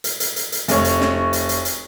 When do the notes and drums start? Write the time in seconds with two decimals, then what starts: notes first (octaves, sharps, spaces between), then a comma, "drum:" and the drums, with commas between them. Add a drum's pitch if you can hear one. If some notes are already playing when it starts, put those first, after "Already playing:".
0.04 drum: hi-hat
0.20 drum: hi-hat
0.36 drum: hi-hat
0.52 drum: hi-hat
0.68 F1 C#5, drum: hi-hat
0.84 drum: hi-hat
1.01 drum: snare
1.33 drum: hi-hat
1.49 drum: hi-hat
1.65 drum: hi-hat